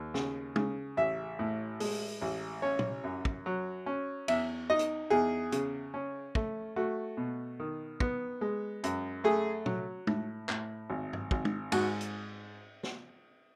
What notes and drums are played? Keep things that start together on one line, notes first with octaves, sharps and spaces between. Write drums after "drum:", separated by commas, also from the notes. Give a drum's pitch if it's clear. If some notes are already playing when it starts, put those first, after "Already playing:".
Already playing: D#2
C#3, drum: snare
C#3, drum: tom
A1 E5
A2
G#3, drum: open hi-hat
A1
C#4 C#5
drum: tom
F#2
drum: kick
F#3
C#4
E2 E5, drum: cymbal
D#4 D#5
drum: hi-hat
E2 G#4
C#3, drum: hi-hat
C#4
A3, drum: kick
A3 F#4
B2
D#3
B3, drum: kick
G#3
F#2, drum: hi-hat
A3 G#4
F#3, drum: tom
A2, drum: tom
A2, drum: clap
G#1
drum: tom G2
G#1, drum: kick
drum: tom
G#2 F#4, drum: cymbal
drum: hi-hat
drum: snare